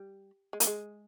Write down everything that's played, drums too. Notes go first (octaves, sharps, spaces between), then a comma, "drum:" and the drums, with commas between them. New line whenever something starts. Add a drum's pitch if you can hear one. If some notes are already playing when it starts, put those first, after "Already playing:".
Already playing: G3
G#3
A#3, drum: hi-hat
G#3